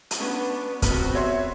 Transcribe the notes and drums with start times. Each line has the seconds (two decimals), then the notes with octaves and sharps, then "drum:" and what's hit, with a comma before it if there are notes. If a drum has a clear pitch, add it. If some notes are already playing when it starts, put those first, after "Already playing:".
0.11 drum: hi-hat
0.20 B3 C#4 D4
0.82 B3 C4 F#4 B4 F6, drum: kick, hi-hat
1.15 C#5 E5 C6